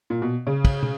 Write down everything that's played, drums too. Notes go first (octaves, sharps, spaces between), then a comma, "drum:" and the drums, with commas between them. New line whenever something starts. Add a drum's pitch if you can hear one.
A#2
B2
C#3
drum: kick, cymbal
drum: tom